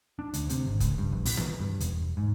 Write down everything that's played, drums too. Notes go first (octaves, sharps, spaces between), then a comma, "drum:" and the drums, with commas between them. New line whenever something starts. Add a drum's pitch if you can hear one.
D4
D2, drum: hi-hat
C3, drum: hi-hat
G#1
C#2, drum: kick, hi-hat
G2
A#1
B2, drum: open hi-hat
drum: tom
G2
E1, drum: hi-hat
G#2